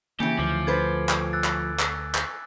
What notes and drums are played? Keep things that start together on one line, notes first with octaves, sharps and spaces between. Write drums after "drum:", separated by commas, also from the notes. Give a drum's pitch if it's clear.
C#3 E3 A#3 G4 G#5 C#7 D7
D2 F3 D6 C7
A4 B4 C5 G#6
drum: clap
E6 F#6 A6
drum: clap
drum: clap
drum: clap